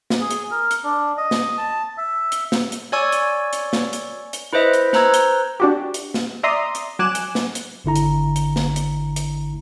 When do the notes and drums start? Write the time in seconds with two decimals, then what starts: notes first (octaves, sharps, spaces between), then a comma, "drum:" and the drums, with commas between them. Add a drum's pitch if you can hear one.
0.10 drum: snare
0.20 G#4
0.31 drum: hi-hat
0.51 A#4
0.71 drum: hi-hat
0.84 D4
1.18 D#5
1.31 drum: snare
1.58 A5
1.98 E5
2.32 drum: hi-hat
2.52 drum: snare
2.72 drum: hi-hat
2.92 C#5 D5 G#5 C#6 E6 G#6
3.12 drum: hi-hat
3.53 drum: hi-hat
3.73 drum: snare
3.93 drum: hi-hat
4.33 drum: hi-hat
4.53 E4 B4 C5 D#5 E5
4.73 drum: hi-hat
4.93 B4 C5 A#5 E6 G#6, drum: snare
5.14 drum: hi-hat
5.60 D4 F#4 G4
5.94 drum: hi-hat
6.14 drum: snare
6.43 D5 E5 A#5 C6 D#6
6.75 drum: hi-hat
6.99 F#3 G#5 D6 F#6 E7
7.15 drum: hi-hat
7.35 drum: snare
7.55 drum: hi-hat
7.84 G#1 D3 E4 A#5
7.96 drum: hi-hat
8.36 drum: hi-hat
8.56 drum: snare
8.76 drum: hi-hat
9.16 drum: hi-hat